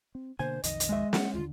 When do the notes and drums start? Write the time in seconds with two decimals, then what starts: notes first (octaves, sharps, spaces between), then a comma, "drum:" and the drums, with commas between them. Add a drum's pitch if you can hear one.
0.15 C4
0.39 B2 D3 A#3 C5 G#5
0.63 B1 F2 D#3 D#5, drum: hi-hat
0.80 drum: hi-hat
0.89 G#3 E5
1.13 A#3 D4 F#5, drum: snare
1.34 D#2 D3 F4